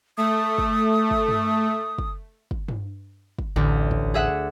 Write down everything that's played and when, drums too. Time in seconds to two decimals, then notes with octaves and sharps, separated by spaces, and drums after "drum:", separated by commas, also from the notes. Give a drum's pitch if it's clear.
0.18 A3 D#6
0.58 drum: kick
1.11 drum: kick
1.28 drum: tom G2
1.98 drum: kick
2.51 drum: kick
2.68 drum: tom G2
3.39 drum: kick
3.56 A1 D2
3.91 drum: kick
4.14 G#4 E5 F#5